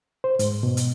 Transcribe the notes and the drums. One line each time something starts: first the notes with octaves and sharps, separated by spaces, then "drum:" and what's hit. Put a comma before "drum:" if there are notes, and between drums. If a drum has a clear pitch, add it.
C5
G#2, drum: hi-hat
B2
drum: hi-hat